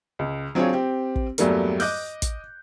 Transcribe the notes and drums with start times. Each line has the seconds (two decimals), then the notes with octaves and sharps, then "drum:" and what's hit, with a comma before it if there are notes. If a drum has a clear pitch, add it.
0.19 C#2
0.55 F#3 C4 D4 F4 G#4 C#5
0.73 C4 G4
1.15 drum: kick
1.38 E2 G2 F#3 G3 A3 A#3, drum: hi-hat
1.80 D#5 D6 F#6 G6, drum: open hi-hat
2.22 drum: kick, hi-hat